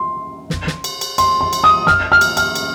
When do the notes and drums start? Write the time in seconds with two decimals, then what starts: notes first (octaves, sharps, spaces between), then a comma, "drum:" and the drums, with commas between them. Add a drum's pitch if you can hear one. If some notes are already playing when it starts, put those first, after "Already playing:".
Already playing: C6
0.50 drum: snare
0.67 drum: snare
0.84 drum: cymbal
1.01 drum: cymbal
1.18 C6, drum: cymbal
1.41 C6
1.53 drum: cymbal
1.64 D#6
1.87 F6, drum: snare
2.12 F6
2.21 drum: cymbal
2.37 F6, drum: cymbal
2.55 drum: cymbal